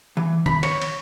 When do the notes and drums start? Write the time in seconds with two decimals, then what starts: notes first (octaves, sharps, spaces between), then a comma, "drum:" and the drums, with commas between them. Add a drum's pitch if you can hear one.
0.17 E3
0.46 B5, drum: tom D#3
0.63 C#5, drum: cymbal
0.82 drum: cymbal